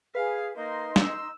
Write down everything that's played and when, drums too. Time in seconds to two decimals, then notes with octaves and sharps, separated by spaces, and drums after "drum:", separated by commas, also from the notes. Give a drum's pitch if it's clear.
0.15 G#4 B4 F5
0.56 A#3 D#4 C6
0.96 E6, drum: snare